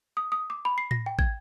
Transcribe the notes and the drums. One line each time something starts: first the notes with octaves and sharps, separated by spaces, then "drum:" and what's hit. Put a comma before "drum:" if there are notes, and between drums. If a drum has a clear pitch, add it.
D#6
D#6
D6
B5
C7
A#6, drum: tom A2
G5
G#6, drum: kick